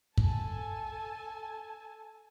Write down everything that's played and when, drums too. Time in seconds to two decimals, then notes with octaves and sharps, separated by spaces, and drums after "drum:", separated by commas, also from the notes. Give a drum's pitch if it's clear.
0.17 A4 G#5 A5, drum: kick